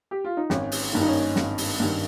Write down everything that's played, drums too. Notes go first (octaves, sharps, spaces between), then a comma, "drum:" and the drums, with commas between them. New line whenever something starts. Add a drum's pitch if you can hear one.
G4
F4
D#4
G#1 C#4, drum: snare
drum: open hi-hat
G2 D#3
D#4
C#4
G#1, drum: snare
drum: open hi-hat
G2 D#3